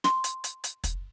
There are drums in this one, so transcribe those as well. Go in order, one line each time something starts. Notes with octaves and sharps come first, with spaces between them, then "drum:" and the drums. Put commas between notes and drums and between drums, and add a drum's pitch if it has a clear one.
C6, drum: snare
drum: hi-hat
drum: hi-hat
drum: hi-hat
drum: kick, hi-hat